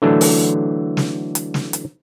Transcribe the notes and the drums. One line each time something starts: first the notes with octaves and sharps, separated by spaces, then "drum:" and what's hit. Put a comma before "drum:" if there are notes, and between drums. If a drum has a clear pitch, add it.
D3 E3 F#3 A3 D4
drum: open hi-hat
drum: snare
drum: hi-hat
drum: snare
drum: hi-hat